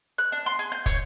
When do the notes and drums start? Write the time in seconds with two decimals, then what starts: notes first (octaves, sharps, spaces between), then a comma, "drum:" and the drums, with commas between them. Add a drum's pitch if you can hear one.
0.18 F#6
0.32 D4
0.46 C6
0.59 G#4
0.72 G6
0.86 C#5, drum: kick, hi-hat